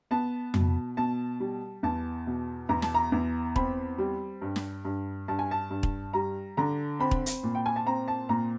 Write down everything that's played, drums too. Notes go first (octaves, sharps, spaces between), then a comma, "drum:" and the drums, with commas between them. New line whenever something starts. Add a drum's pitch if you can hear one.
B3 A5
B2, drum: tom F2
B2 A5
G3
E2 A5
B2
E2 A#5
A5, drum: snare
A#5
E2
C4 B5, drum: kick
G3
G2
drum: snare
G2
G2 A5
G#5
A5
G2
drum: kick
G3 A#5
D3 A#5
C4 B5
drum: kick
drum: hi-hat
A#2
G5
G#5
A5
C4 A#5
A5
A#2 A#5